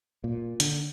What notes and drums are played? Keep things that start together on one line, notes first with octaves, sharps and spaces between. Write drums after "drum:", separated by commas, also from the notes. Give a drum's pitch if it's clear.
A#2
D3, drum: hi-hat